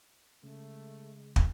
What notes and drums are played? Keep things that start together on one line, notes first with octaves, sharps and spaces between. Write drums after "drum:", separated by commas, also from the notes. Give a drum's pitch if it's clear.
C#3 G#3 A3
drum: kick